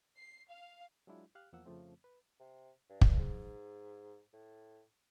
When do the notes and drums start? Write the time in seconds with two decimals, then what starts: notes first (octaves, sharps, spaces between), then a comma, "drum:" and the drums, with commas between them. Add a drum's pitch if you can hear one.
0.17 C7
0.49 F5
1.07 F#3 G#3 D4 E4 F4
1.35 G4 F5 F6 F#6
1.53 E2 F3 A#3 F#5 E6
1.65 F2 C#3 F3 A3 C4
2.04 B4
2.39 C3
2.89 G2
3.01 drum: kick
3.19 G#2
4.33 A2